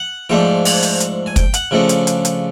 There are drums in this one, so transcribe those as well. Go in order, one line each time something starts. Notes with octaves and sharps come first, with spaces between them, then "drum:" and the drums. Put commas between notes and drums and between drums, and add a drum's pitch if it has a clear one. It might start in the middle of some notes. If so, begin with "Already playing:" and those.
Already playing: F#5
G#2 F3 A3 D4 G5
F#5, drum: open hi-hat
drum: hi-hat
drum: hi-hat
G#5
G5, drum: kick, hi-hat
F#5, drum: hi-hat
C#3 F3 A3 D4
drum: hi-hat
drum: hi-hat
drum: hi-hat